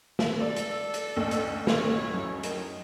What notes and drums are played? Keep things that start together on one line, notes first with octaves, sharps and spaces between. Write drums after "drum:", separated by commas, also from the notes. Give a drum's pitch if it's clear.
drum: snare
A4 D5
drum: hi-hat
drum: hi-hat
A1 D2 A3
drum: hi-hat
E4 C#5, drum: snare
F#2
A2 D#3, drum: hi-hat